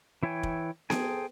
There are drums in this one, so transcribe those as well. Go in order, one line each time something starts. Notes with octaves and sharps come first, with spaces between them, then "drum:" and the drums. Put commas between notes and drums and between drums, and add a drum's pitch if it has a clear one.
E3 E4 C#5 G5 G#5
drum: kick
G#4 A4 C5 G5 G#5, drum: snare B3